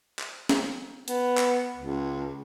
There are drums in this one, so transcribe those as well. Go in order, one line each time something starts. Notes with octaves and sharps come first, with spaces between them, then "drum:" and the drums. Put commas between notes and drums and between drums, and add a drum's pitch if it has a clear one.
drum: clap
drum: snare
B3, drum: hi-hat
drum: clap
C#2